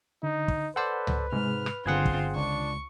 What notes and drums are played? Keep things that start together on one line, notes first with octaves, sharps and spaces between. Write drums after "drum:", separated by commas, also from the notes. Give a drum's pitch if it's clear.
D3 D#4
drum: kick
A4 B4 C5 D5 F#5
drum: tom C#2
G#2 C3 G#3 F6
drum: rim click
G1 D3 C4 F4 G#4 F#5 F#6 G#6
drum: kick
C#2 D4 C#6